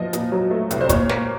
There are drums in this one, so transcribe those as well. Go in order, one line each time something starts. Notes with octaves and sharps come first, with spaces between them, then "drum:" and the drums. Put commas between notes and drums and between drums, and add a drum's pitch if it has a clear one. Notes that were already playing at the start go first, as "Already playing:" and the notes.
Already playing: F3 D#5
A#2, drum: hi-hat
F#3
A3
C2, drum: hi-hat
C5
A#2 C#5, drum: kick, hi-hat
A#3, drum: snare